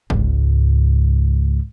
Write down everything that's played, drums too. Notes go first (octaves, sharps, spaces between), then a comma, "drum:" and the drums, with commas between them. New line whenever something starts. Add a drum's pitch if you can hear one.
C#2 G#2, drum: kick G1